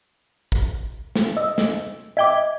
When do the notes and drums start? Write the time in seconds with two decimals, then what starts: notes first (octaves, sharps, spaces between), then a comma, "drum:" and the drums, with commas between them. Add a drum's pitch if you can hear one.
0.52 drum: kick
1.15 drum: snare
1.37 D#5 E6
1.58 drum: snare
2.17 D#5 E5 G5 D6 G#6 G7